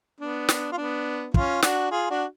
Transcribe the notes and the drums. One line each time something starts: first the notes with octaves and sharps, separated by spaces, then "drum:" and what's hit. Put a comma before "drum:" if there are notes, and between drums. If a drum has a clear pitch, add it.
B3 D4
drum: snare
F4
B3 D4
C#4 F4, drum: kick
D4 F#4, drum: snare
F4 G#4
D4 F#4